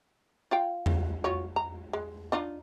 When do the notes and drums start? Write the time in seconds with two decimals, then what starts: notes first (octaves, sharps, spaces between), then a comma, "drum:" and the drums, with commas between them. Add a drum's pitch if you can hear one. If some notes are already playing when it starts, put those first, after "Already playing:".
0.51 F4 F5 G5
0.86 drum: tom E2
1.24 F4 F#4 C#5
1.56 A#5
1.93 G#3
2.32 D4 D#4 F4